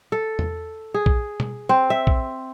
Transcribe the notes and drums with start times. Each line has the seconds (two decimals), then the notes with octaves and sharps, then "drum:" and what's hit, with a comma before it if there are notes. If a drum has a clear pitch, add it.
0.12 A4
0.39 drum: tom E2
0.94 G#4
1.06 drum: kick A#1
1.40 drum: tom
1.69 C4
1.90 E5
2.07 drum: kick A#1